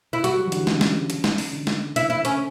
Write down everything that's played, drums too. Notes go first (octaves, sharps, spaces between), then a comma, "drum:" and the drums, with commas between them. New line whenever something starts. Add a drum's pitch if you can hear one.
E4
G3 F#4, drum: hi-hat
F#3
E3
D3, drum: hi-hat
C#3, drum: snare
drum: snare
drum: hi-hat
drum: snare
drum: open hi-hat
D3
drum: snare
E4, drum: hi-hat
E4
C#4, drum: hi-hat